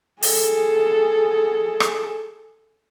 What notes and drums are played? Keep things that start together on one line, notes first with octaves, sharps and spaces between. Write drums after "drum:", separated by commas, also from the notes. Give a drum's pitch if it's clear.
G#4 A4, drum: open hi-hat
drum: rim click